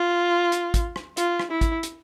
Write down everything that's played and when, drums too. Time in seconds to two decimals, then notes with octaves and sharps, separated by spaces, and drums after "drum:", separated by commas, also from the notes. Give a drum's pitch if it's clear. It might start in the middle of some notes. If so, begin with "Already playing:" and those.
Already playing: F4
0.52 drum: hi-hat
0.74 drum: kick, hi-hat
0.96 drum: rim click
1.17 F4, drum: hi-hat
1.39 drum: rim click
1.50 E4
1.61 drum: kick, hi-hat
1.83 drum: hi-hat